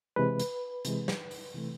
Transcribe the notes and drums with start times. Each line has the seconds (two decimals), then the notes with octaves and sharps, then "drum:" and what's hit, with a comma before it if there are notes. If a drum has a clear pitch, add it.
0.16 C3 E3 G#3 B4
0.40 drum: hi-hat
0.85 C3 E3 G#3, drum: hi-hat
1.08 drum: snare
1.31 drum: open hi-hat
1.54 C3 E3 A3